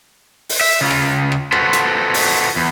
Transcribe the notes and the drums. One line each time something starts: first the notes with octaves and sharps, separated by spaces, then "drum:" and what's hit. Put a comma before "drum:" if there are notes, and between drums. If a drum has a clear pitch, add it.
drum: open hi-hat
E5
C#3 F4
drum: rim click
drum: rim click
F4 F#4 A4 B4 C5, drum: rim click
drum: hi-hat
drum: open hi-hat
E2